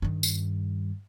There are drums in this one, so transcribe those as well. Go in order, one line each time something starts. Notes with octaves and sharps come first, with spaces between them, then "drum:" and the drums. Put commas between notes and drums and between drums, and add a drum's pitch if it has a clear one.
G2 D#3
drum: tambourine